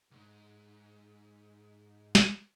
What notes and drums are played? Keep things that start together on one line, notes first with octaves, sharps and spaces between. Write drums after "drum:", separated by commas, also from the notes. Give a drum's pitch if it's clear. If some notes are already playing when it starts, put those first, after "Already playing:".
C#2 G#2
drum: snare